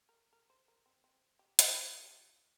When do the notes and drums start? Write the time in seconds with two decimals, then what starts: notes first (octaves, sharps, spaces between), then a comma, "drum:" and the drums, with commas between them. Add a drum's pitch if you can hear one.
0.09 A#4
0.33 A#4
0.50 C5
0.68 A#4
0.86 C4
1.04 C4
1.39 G4
1.59 drum: hi-hat
1.80 D5
1.88 C5
1.95 A#4
2.03 G4
2.11 F4